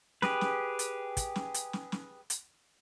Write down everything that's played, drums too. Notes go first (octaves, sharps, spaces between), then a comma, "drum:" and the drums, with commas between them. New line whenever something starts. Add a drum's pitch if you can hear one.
G4 G#4 B4, drum: snare
drum: snare
drum: hi-hat
drum: kick, hi-hat
drum: snare
drum: hi-hat
drum: snare
drum: snare
drum: hi-hat